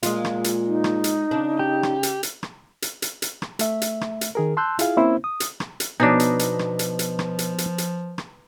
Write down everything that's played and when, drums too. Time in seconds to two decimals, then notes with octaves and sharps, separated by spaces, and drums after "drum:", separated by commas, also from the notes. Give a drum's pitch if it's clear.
0.03 A#2 G#3 F4, drum: hi-hat
0.25 drum: rim click
0.44 drum: hi-hat
0.67 D#4
0.84 drum: rim click
1.04 drum: hi-hat
1.31 C#3 D4
1.59 G4
1.83 drum: rim click
2.03 drum: hi-hat
2.23 drum: hi-hat
2.43 drum: rim click
2.82 drum: hi-hat
3.02 drum: hi-hat
3.22 drum: hi-hat
3.42 drum: rim click
3.59 A3 E5, drum: hi-hat
3.82 drum: hi-hat
4.01 drum: rim click
4.21 drum: hi-hat
4.35 D#3 G#4 A#4
4.57 A5 C6 E6 F#6 G6
4.79 E4 F4 G#4 F5, drum: hi-hat
4.97 A#3 C4 C#4 E4 C5
5.24 D#6
5.40 drum: hi-hat
5.60 drum: rim click
5.80 drum: hi-hat
6.00 B2 F3 B3 D4 D#4 C#5 D6
6.20 drum: hi-hat
6.39 drum: hi-hat
6.59 drum: rim click
6.79 drum: hi-hat
6.99 drum: hi-hat
7.19 drum: rim click
7.39 drum: hi-hat
7.58 drum: hi-hat
7.78 drum: hi-hat
8.18 drum: rim click